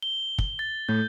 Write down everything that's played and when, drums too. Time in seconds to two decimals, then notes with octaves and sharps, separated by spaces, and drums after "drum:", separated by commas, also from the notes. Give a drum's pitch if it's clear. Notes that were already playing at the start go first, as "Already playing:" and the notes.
0.03 G7
0.38 drum: kick
0.59 A6
0.89 A2 G6